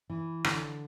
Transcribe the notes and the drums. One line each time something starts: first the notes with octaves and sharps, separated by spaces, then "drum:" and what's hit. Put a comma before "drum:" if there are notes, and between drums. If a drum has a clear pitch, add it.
E3
D3, drum: rim click